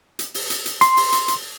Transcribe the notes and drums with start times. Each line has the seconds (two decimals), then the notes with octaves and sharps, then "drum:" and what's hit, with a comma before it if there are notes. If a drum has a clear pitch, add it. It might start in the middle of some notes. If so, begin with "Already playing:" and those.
0.19 drum: hi-hat
0.34 drum: open hi-hat
0.50 drum: hi-hat
0.66 drum: hi-hat
0.81 C6, drum: hi-hat
0.97 drum: open hi-hat
1.12 drum: hi-hat
1.28 drum: hi-hat